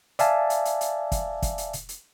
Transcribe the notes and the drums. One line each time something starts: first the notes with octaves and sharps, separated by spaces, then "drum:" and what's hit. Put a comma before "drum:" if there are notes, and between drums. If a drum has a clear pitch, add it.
D5 E5 F5 G#5 A5, drum: hi-hat
drum: hi-hat
drum: hi-hat
drum: hi-hat
drum: kick, hi-hat
drum: kick, hi-hat
drum: hi-hat
drum: hi-hat
drum: hi-hat